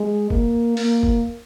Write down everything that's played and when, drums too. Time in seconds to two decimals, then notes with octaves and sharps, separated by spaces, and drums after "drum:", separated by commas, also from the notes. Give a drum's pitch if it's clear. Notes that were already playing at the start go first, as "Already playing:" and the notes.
Already playing: G#3
0.30 A#3, drum: kick
0.77 A#3, drum: open hi-hat
1.03 drum: kick